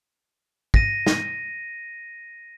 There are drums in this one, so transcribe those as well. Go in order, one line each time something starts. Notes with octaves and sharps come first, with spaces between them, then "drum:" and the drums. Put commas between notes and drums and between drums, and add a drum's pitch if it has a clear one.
A#6 D#7, drum: kick
drum: snare